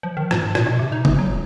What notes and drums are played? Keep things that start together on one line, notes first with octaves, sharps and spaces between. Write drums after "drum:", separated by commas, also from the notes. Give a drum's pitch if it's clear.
F3
D#3
G#2, drum: rim click
A#2, drum: rim click
B2
C3
D#4
G1, drum: tom
F#3
D#1